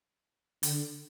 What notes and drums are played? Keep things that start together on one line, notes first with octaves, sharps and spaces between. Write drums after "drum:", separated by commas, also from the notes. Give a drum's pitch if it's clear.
D3, drum: hi-hat